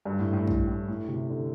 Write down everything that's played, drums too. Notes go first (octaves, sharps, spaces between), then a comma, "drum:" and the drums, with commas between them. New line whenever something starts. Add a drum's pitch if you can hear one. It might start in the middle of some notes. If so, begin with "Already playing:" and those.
G2
A2
A2
A2, drum: kick
A2
A2
C3
D3